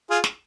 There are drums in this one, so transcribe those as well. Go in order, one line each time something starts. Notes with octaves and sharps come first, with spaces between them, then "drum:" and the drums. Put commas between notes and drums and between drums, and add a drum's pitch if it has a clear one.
F4 G#4
drum: snare